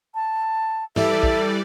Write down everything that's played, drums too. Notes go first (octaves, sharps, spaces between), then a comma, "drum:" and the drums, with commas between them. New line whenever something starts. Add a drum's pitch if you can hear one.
A5
E3 G3 A4 D5 E5, drum: tom
drum: kick